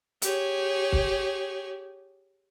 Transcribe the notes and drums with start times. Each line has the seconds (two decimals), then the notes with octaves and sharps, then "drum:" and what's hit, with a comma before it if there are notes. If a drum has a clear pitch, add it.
0.22 G4 G#4 C#5, drum: hi-hat
0.92 drum: kick